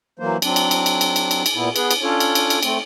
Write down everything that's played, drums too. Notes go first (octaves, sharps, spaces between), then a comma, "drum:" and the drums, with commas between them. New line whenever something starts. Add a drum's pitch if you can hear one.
E3 F#3 A#3 C5
F#3 C4 D4, drum: cymbal
drum: cymbal
drum: cymbal
drum: cymbal
drum: cymbal
drum: cymbal
drum: cymbal
drum: cymbal
A#2 B3 E4
B3 G#4 B4, drum: cymbal
drum: cymbal
C#4 D4 F4 A4 C#5
drum: cymbal
drum: cymbal
drum: cymbal
A3 C4, drum: cymbal